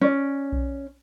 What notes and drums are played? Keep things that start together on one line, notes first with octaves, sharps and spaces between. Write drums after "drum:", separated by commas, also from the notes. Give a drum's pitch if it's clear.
C#4 D5
drum: kick B1